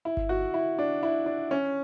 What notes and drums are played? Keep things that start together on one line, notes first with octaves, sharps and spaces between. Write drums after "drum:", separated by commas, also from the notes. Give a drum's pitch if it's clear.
E4
drum: kick G1
F#4
E4
D4
E4
D4
C#4